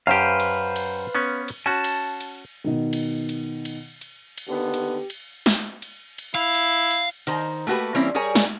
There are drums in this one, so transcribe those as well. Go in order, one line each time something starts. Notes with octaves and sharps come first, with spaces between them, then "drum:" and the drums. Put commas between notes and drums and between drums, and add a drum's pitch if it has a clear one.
F#2 G4 B4 C5 F5
drum: cymbal
drum: cymbal
B3 C#4
drum: cymbal
C#4 F#4 A5
drum: cymbal
drum: cymbal
B2 D#3
drum: cymbal
drum: cymbal
drum: cymbal
drum: cymbal
drum: cymbal
D#2 D3 B3 G4
drum: cymbal
drum: cymbal
drum: snare
drum: cymbal
drum: cymbal
E4 F5
drum: cymbal
drum: cymbal
D#3 C5 A#5, drum: cymbal
A3 A#3 F#4 G4 B4
E3 G3 A#3 C4 C#4 E4
G3 G#4 A#4 C#5 G#5
drum: snare